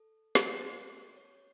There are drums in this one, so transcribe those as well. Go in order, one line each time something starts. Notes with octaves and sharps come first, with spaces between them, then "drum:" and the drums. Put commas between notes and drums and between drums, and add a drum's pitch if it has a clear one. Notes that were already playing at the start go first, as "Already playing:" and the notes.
Already playing: A4
drum: snare
C#5